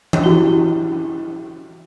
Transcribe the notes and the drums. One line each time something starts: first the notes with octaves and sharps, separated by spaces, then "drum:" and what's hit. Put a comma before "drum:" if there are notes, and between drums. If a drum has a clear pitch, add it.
drum: tom E3
E4 F#4 G4 G7